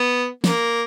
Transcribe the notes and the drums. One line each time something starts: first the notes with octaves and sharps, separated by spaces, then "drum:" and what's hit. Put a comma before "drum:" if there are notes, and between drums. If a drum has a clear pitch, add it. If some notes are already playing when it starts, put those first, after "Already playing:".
Already playing: B3
A#3, drum: snare